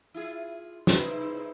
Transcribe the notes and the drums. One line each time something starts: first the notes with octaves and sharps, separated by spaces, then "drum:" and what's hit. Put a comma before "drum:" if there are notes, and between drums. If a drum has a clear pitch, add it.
E4 F4 G#4
C3 G3 D#4 E4 G#4 B4 C5, drum: snare